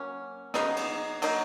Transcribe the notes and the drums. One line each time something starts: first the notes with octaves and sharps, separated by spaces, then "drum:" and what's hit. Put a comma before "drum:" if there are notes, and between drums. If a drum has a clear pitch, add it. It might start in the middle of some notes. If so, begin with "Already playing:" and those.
Already playing: F#3 A#3 C#4
C#3 F#3 B3 D#4, drum: rim click
drum: cymbal
F#3 A#3 D#4, drum: cymbal